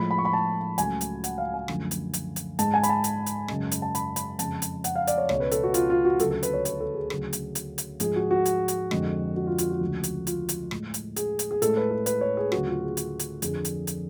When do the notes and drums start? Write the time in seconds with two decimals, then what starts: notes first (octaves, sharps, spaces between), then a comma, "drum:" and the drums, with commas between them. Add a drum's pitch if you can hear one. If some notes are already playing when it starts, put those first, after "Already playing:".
Already playing: A2 F3 G#3 B5
0.11 B5
0.18 C#6
0.25 B5
0.33 A5
0.78 C#2 C#3 F#3 A3 G#5, drum: hi-hat
1.01 drum: hi-hat
1.24 F#5, drum: hi-hat
1.38 F5
1.54 G#5
1.68 F#2 D3 F3 A3, drum: rim click
1.91 drum: hi-hat
2.13 drum: hi-hat
2.36 drum: hi-hat
2.59 G#2 G#3 A5, drum: hi-hat
2.74 G#5
2.83 B5, drum: hi-hat
2.89 A5
3.04 drum: hi-hat
3.26 drum: hi-hat
3.48 F#2 C#3 G#3, drum: rim click
3.71 drum: hi-hat
3.82 A5
3.95 B5, drum: hi-hat
4.16 B5, drum: hi-hat
4.39 F2 C#3 G#3 A5, drum: hi-hat
4.62 drum: hi-hat
4.84 F#5, drum: hi-hat
4.96 F5
5.07 D5, drum: hi-hat
5.18 C#5
5.29 C#2 B2 G#3 C#5, drum: rim click
5.40 B4
5.51 A4, drum: hi-hat
5.63 F#4
5.74 F4, drum: hi-hat
5.90 F4
6.05 F#4
6.19 D2 C#3 F#3 A3 A4, drum: hi-hat
6.31 A4
6.43 B4, drum: hi-hat
6.53 C#5
6.65 B4, drum: hi-hat
6.80 A4
6.94 G#4
7.10 D2 C#3 F#3, drum: rim click
7.33 drum: hi-hat
7.55 drum: hi-hat
7.78 drum: hi-hat
8.00 G#2 F3 G#3 G#4, drum: hi-hat
8.16 F#4
8.31 F#4
8.45 drum: hi-hat
8.68 drum: hi-hat
8.91 F2 D3 G#3, drum: rim click
9.36 F#4
9.47 F4
9.58 F4, drum: hi-hat
9.70 F#4
9.81 D2 C#3 F3 G#3
10.03 drum: hi-hat
10.27 F4, drum: hi-hat
10.49 drum: hi-hat
10.71 A2 G#3, drum: rim click
10.94 drum: hi-hat
11.16 G#4, drum: hi-hat
11.39 drum: hi-hat
11.51 G#4
11.62 A2 G#3 A4, drum: hi-hat
11.77 B4
11.91 A4
12.06 B4, drum: hi-hat
12.21 C#5
12.37 G#4
12.52 D2 C#3 F#3 A3 F#4, drum: rim click
12.67 F4
12.81 G#4
12.97 drum: hi-hat
13.19 drum: hi-hat
13.42 F2 D3 F3 G#4, drum: hi-hat
13.65 drum: hi-hat
13.87 drum: hi-hat